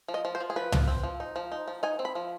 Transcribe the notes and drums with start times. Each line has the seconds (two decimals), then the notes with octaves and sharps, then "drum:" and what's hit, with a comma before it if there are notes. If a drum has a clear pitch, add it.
0.08 F3
0.14 D#5
0.25 F3
0.35 C5
0.40 F3
0.50 G#4
0.56 F3 B4
0.72 F3, drum: tom
0.88 C4
1.03 F3
1.20 D#4
1.36 F3
1.52 D#4
1.68 F3
1.83 D#4 G#5
1.99 C4
2.05 B5
2.15 F3